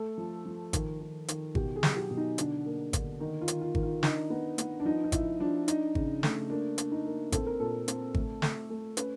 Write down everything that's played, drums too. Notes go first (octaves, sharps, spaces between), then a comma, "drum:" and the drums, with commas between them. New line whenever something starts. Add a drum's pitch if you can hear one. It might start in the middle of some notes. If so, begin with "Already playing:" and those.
Already playing: A3 A4
F3
F3
D#3, drum: kick G#1, hi-hat
D#3
D#3, drum: hi-hat
B2 G4, drum: kick G#1
G#4
F#3, drum: snare
G4
B2
D#4
D3 D4, drum: hi-hat
A#3
D3, drum: kick G#1, hi-hat
D#3 D#4
F4
D#3, drum: hi-hat
F4
D#3, drum: kick G#1
F4
D4 D#4, drum: snare
B3
B3, drum: hi-hat
D4
F3 D#4
D#4
F3 E4, drum: kick G#1, hi-hat
F3 D4
D4 D#4, drum: hi-hat
C#3, drum: kick G#1
A3, drum: snare
A#3 D4
D4, drum: hi-hat
D#4
A#3
C4 A4, drum: kick G#1, hi-hat
A#4
A#2 A4
C4, drum: hi-hat
A3, drum: kick G#1
A3, drum: snare
A3
C#4 B4, drum: hi-hat